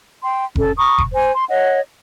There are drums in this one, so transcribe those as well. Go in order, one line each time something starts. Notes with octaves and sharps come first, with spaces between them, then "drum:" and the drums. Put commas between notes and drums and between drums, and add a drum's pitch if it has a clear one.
G5 C6
C#4 A4, drum: kick F1
A#5 B5 C#6 D#6
drum: kick F1
C5 G#5
C6
C#5 D#5 F#5